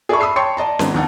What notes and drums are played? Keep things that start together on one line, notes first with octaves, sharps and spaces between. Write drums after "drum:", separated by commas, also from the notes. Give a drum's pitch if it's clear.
G#4 D5 E5 A5 B5 C#6
B5 D#6 E6 C7
C#5 G5 A5 C6 C#6 C#7
D5 D#5 A5 A#5
G#1 B3 C4 A#5, drum: snare C#4
D#2 D#4 F#5 A5